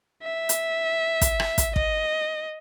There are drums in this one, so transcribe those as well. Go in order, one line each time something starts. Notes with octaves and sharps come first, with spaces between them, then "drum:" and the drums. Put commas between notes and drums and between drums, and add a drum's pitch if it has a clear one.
E5
drum: hi-hat
drum: kick, hi-hat
drum: rim click
drum: kick, hi-hat
D#5, drum: kick